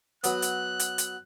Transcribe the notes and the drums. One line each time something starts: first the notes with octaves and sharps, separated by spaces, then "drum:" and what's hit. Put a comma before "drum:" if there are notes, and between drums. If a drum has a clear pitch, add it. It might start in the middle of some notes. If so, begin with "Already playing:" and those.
F#3 B3 F#6, drum: hi-hat
drum: hi-hat
drum: hi-hat
drum: hi-hat